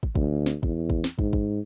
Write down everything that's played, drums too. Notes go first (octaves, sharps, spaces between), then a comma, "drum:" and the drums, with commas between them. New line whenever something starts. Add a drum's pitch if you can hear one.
drum: kick
D2, drum: kick
drum: snare
E2, drum: kick
drum: kick
drum: snare
G#2, drum: kick
drum: kick